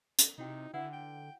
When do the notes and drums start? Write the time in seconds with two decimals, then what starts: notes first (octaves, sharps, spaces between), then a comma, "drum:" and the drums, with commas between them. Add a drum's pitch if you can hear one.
0.19 drum: hi-hat
0.38 C3 D#4 E4 F#4 G5
0.74 D3 E4 B4 F#5
0.93 G5